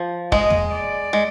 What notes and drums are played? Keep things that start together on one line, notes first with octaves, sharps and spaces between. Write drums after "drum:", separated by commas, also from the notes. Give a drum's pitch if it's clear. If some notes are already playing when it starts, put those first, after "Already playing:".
Already playing: F3
G#3 D#5, drum: kick
drum: tom E2
D5
G#3